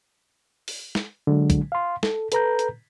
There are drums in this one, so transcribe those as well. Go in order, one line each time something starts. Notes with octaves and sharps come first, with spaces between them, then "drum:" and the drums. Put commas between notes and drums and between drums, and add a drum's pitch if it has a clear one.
drum: open hi-hat
drum: snare
D3 F#3 G#3
drum: kick, hi-hat
F5 C6
A4, drum: snare
A4 B4 A#5 G6, drum: hi-hat
drum: hi-hat